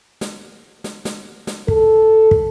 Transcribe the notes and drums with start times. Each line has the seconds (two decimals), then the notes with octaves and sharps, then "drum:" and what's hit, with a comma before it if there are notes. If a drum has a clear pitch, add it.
0.21 drum: snare
0.84 drum: snare
1.05 drum: snare
1.47 drum: snare
1.68 A4, drum: kick
2.31 drum: kick